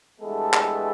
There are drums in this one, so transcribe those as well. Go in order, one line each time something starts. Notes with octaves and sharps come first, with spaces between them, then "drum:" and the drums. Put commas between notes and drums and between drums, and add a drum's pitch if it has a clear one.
G2 E3 G#3 A3 B3 A4
drum: clap